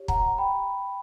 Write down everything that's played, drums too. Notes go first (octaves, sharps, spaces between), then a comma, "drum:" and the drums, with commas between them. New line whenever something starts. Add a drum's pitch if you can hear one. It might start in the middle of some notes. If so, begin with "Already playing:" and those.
Already playing: G4 C#5
F#5 A#5, drum: kick
G5 B5